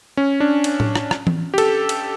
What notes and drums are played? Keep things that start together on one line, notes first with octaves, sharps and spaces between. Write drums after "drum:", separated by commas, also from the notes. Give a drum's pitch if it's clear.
C#4
D4
drum: cymbal
drum: tom A2
drum: rim click
drum: rim click
drum: tom E3
G4
A4, drum: cymbal
drum: cymbal